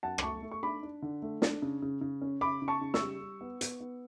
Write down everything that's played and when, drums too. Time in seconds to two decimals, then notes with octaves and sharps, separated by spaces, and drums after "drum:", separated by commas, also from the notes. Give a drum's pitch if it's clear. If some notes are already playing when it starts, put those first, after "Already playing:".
0.03 F#2 F#5 A5
0.18 D6, drum: rim click
0.23 A3 A5 C#6
0.42 A3
0.51 C#6
0.62 D4 B5 D6
0.83 D4
1.02 D3
1.22 A3
1.42 D4, drum: snare
1.62 C#3
1.82 C#3
2.01 C#3
2.22 C#4
2.41 C#3 B5 D6
2.62 C#3
2.68 A5 C#6
2.81 C#3
2.94 C#6 E6, drum: snare
3.02 G3
3.21 G3
3.41 B3
3.61 B3, drum: hi-hat
3.80 B3